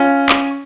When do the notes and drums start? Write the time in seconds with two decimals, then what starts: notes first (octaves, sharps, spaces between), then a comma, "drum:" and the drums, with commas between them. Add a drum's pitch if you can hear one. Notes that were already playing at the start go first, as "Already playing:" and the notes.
Already playing: C#4 F4
0.29 drum: clap